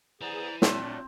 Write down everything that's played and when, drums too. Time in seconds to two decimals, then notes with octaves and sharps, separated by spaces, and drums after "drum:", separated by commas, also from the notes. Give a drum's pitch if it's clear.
0.21 E3 B3 G#4 C5 D5 A#5
0.62 A#2 F#3 A3 C4 D4, drum: snare